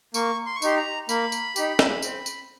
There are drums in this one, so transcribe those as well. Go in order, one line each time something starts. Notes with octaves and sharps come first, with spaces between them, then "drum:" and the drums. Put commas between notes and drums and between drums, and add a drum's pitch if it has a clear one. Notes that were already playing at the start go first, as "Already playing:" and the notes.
A#3 C#6, drum: tambourine
C6
C#6
D#4 G4 C6, drum: tambourine
A#5
A#3 B5, drum: tambourine
drum: tambourine
D#4 G4, drum: tambourine
drum: snare
C4, drum: tambourine
drum: tambourine